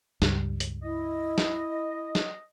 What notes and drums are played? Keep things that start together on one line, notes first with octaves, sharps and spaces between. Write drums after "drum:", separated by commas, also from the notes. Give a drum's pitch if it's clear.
C#2 G2 G3, drum: snare
drum: hi-hat
E4 D#5
drum: snare
drum: snare